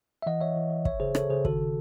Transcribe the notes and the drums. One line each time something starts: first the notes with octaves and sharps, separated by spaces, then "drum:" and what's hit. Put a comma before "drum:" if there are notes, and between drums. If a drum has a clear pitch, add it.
E5
E3 D#5 F#5
E3 C#5 E5
E3
E3
C#2 C#5 E5, drum: kick
C#3 G#4 C5
C#3 A4 C#5, drum: rim click
C#3 G#4 C5
D#3 F#4 A4, drum: kick